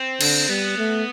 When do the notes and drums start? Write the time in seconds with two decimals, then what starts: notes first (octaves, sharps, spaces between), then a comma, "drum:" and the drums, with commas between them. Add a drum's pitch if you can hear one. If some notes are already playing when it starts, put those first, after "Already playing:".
Already playing: C4
0.21 D3, drum: cymbal
0.49 G3 B3
0.78 A3